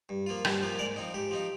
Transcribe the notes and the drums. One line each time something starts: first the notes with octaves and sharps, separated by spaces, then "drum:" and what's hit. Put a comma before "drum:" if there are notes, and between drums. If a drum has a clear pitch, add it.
G2
F3 A#3 F4
G2, drum: rim click
F3 A#3 F4
G#2 A#4 D5
F3 C4 D#4
G#2 G4
F3 C4 D#4